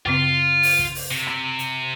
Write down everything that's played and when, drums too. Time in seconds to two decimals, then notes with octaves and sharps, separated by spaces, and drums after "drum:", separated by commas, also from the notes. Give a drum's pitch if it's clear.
0.06 F#2 C#3 C4 F4
0.63 drum: open hi-hat
0.79 drum: kick
0.95 drum: open hi-hat
1.11 C3
1.27 drum: rim click
1.59 drum: hi-hat